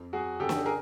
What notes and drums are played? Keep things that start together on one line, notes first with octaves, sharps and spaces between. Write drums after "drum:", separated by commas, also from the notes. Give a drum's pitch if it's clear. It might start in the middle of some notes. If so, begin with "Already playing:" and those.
Already playing: F2
F#3 F#4 G#4
C#3 G4 A4
drum: snare
G#4 A#4